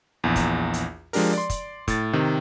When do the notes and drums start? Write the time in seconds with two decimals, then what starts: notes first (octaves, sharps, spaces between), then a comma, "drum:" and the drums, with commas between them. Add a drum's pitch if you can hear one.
0.24 A#1 E2
0.36 drum: kick, hi-hat
0.74 drum: hi-hat
1.13 F3 G#3 D4 G4 A#4, drum: open hi-hat
1.33 D5 C6
1.50 drum: kick, hi-hat
1.88 A2 A6, drum: kick, hi-hat
2.13 C3 D#3